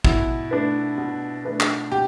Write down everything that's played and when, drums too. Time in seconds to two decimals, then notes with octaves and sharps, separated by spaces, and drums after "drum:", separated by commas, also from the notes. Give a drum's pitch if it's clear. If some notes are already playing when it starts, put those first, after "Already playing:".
0.05 B2 E4, drum: kick
0.51 A3 D4 B4
0.98 B2
1.45 A3 D4 B4
1.60 drum: clap
1.92 B2 G4